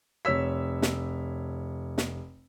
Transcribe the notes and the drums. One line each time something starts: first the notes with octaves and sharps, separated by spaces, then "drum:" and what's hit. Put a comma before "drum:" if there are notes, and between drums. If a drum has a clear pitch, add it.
F1 C#5 E6 B6
drum: snare
drum: snare